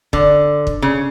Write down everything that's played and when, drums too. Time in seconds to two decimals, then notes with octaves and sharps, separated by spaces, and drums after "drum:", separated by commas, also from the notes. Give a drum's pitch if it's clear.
0.13 D3, drum: kick
0.67 drum: kick
0.82 C#3